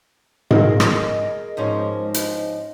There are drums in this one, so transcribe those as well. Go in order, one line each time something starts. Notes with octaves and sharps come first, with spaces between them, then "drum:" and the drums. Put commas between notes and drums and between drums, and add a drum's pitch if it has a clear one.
G#4 A#4 D#5, drum: tom G#2
drum: rim click
G#2 F3 C#4
drum: hi-hat